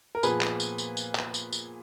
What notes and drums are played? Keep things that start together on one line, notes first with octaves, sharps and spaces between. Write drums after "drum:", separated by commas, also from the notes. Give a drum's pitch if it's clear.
A#4
A#2 F3 B3 G#4 B4, drum: tambourine
drum: clap
drum: tambourine
drum: tambourine
drum: tambourine
drum: clap
drum: tambourine
drum: tambourine